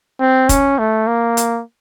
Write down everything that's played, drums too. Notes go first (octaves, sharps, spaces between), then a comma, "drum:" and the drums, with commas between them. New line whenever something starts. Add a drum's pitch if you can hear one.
C4
C#4, drum: kick, hi-hat
A3
A#3
drum: hi-hat